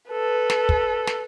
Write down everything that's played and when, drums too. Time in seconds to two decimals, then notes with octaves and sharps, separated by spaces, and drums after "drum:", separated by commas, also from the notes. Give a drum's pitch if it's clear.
0.11 A4 B4
0.50 drum: snare
0.69 drum: kick
1.07 drum: snare